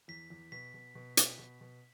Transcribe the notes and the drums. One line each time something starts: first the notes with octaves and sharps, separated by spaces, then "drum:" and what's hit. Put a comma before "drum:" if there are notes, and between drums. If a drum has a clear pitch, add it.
E2 B6
E2
B2 B6
B2
B2
B2, drum: hi-hat
B2
B2